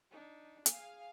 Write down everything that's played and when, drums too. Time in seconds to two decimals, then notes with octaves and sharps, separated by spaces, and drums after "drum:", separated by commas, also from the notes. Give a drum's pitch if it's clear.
0.11 D4 D#4
0.66 G#4 F5 G#5, drum: hi-hat